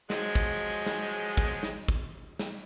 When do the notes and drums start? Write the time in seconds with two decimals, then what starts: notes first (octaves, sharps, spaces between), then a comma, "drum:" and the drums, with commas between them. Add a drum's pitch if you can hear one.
0.10 F3 F#3 G#3, drum: snare
0.35 drum: kick, hi-hat
0.86 drum: snare
1.37 drum: kick
1.63 drum: snare
1.88 drum: kick, hi-hat
2.39 drum: snare